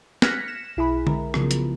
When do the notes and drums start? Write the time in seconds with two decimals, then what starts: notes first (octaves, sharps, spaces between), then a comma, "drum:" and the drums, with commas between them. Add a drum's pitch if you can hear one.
0.22 F6 F#6 G#6 A#6 B6 C#7, drum: snare
0.48 E7
0.77 B1 E4 G#4 B5
1.07 G#3 A#4, drum: tom D3
1.34 C#3 F3 F#3 G#3 B3, drum: rim click
1.51 drum: hi-hat